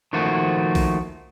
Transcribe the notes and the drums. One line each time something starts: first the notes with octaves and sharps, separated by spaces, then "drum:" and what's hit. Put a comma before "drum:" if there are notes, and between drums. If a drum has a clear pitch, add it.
D#3 F3 A3 A#3 F#4
drum: kick A#1, open hi-hat